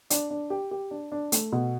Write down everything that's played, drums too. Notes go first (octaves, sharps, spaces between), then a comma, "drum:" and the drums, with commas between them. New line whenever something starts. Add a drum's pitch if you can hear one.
D4, drum: hi-hat
D4
G4
G4
D4
D4
A3, drum: hi-hat
B2